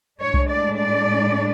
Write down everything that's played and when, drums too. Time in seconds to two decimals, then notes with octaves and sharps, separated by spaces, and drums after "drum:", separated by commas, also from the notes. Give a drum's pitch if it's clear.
0.20 A2 G#3 D4 C#5
0.34 drum: kick C2
0.49 D5
0.78 D5